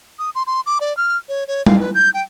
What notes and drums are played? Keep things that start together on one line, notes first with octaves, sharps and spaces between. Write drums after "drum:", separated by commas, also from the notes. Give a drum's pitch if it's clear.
D#6
C6
C6
D6
D5
F6
C#5
C#5
F5, drum: tom G3
B4
G6
G5